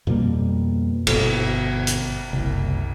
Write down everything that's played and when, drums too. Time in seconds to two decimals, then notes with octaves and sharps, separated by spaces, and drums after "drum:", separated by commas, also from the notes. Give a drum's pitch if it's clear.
0.07 F2 B2 G3 A#3
1.07 G1 B2, drum: cymbal
1.87 drum: hi-hat
2.33 F#1 C2